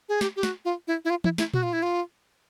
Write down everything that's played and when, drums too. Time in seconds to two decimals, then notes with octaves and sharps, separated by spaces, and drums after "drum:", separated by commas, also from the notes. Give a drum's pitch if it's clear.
0.09 G#4
0.21 G4, drum: snare
0.36 G4
0.43 F#4, drum: snare
0.65 F4
0.87 E4
1.05 E4
1.10 F4
1.24 E4, drum: tom
1.38 E4, drum: snare
1.54 F#4, drum: tom A#2
1.63 F4
1.73 E4
1.82 F4